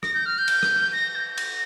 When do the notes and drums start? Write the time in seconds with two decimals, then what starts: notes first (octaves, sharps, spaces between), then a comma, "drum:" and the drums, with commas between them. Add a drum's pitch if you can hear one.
0.03 A#6, drum: rim click
0.14 G6
0.26 F6
0.38 G6
0.48 drum: cymbal
0.63 drum: rim click
0.93 A#6
1.16 G6
1.38 A#6, drum: cymbal